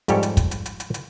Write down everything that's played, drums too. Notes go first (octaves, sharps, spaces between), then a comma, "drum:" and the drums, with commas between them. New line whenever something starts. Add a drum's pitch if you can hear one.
F2 G#2 G3 G4 A4 C#5, drum: hi-hat
drum: hi-hat
drum: kick, hi-hat
drum: hi-hat
drum: hi-hat
drum: hi-hat
drum: hi-hat